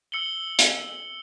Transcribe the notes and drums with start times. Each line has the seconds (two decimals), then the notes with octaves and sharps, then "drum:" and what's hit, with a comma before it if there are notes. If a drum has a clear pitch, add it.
0.12 E6 C#7 F#7 G7
0.59 drum: hi-hat